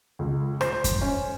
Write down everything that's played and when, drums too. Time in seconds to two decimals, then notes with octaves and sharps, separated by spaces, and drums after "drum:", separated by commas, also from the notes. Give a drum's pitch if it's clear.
0.19 C#2
0.61 C5, drum: rim click
0.84 drum: kick F#2, hi-hat
1.01 C#4